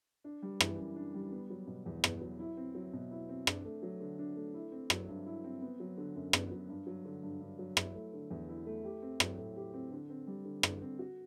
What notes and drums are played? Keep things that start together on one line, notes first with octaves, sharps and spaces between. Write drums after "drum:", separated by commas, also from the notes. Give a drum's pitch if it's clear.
D4
G3
E3, drum: rim click
F#2
D4
G3
B3
F#3
B2
E2
B3, drum: rim click
F#3
E4
C4
F#3
B2
E4
C4
D4, drum: rim click
A3
F#3
D3
D4
A3
E4
C4
F#3, drum: rim click
G2
E4
C4
B3
F#3
D3
F#2
B3, drum: rim click
F#3
G2
F#3
D3
G2
G2
F#3
E4, drum: rim click
A3
D3
E2
E4
A3
G4
C4
F#3, drum: rim click
A2
G4
C4
D3
C4
G3
D3
D3, drum: rim click
C4
F#4